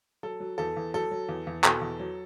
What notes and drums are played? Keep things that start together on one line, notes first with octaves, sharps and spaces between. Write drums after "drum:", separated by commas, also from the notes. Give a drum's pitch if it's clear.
F#3 A4
F#3
E2 A4
E2
F#3 A4
F#3
E2
E2
B2 A4, drum: clap
E2
F#3